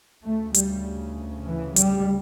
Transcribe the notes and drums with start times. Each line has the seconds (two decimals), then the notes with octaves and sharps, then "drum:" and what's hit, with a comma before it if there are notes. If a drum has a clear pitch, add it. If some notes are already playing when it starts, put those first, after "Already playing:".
0.24 D2 C#3 A3
0.54 G3, drum: hi-hat
1.45 E3
1.76 G3, drum: hi-hat